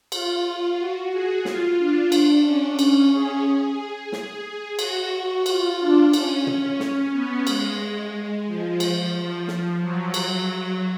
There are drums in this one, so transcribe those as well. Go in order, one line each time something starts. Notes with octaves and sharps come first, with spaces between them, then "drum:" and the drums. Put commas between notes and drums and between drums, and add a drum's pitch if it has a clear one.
F4, drum: cymbal
F#4
G#4
F4, drum: snare
D4
drum: cymbal
C#4
drum: cymbal
G#4
G#4
drum: snare
F#4, drum: cymbal
F#4
F4, drum: cymbal
D4
C#4, drum: cymbal
C#4, drum: tom
drum: snare
B3
G#3, drum: cymbal
F3
drum: cymbal
F3
F3, drum: snare
F#3
drum: cymbal
F#3